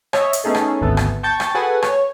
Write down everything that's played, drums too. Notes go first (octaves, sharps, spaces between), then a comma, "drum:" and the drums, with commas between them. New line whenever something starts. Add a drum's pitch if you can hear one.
C#5 D#5 E5, drum: rim click
drum: hi-hat
A3 B3 C#4 D#4 G#4 A4
drum: rim click
G#1 D2 A3 B3 A4
drum: rim click
G5 A5 C#6 G6 A6
drum: rim click
F#4 G#4 A4 B4 F#5 G#5
C#5, drum: rim click